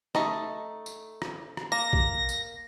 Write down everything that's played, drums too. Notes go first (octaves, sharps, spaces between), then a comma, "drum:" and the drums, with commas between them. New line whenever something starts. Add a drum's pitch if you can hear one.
A3 D#4 D#5, drum: rim click
drum: tambourine
drum: rim click
drum: rim click
A#3 A#6
drum: kick
drum: tambourine